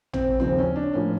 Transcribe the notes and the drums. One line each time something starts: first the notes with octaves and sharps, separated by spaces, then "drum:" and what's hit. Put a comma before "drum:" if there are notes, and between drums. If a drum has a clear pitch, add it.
C4, drum: tom
D#2 C#3 F3 C4
C#4
D4
A2 F3 A#3 C#4